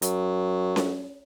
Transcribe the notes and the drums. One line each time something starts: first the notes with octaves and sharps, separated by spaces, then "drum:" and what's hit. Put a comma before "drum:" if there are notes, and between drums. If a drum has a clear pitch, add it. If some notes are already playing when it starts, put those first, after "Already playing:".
F#2, drum: hi-hat
drum: snare C#4